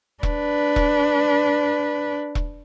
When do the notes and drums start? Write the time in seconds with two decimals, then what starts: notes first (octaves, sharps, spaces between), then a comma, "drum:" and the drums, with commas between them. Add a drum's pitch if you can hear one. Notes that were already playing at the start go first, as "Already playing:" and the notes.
0.23 D4 B4, drum: kick E1
0.76 drum: kick E1
2.35 drum: kick E1